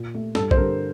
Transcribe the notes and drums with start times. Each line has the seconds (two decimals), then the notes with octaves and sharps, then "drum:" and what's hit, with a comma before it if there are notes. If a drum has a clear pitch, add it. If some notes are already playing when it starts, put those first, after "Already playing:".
Already playing: A#2
0.14 A3
0.35 G2 A4, drum: snare
0.51 C5, drum: kick
0.57 D3 G3 A#4